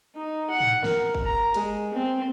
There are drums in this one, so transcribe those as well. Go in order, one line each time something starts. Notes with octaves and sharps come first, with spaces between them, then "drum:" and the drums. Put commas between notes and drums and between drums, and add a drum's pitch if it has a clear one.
D#4
F#5
drum: tom G#2
A#4, drum: snare
drum: kick
A#5
G#3, drum: hi-hat
C4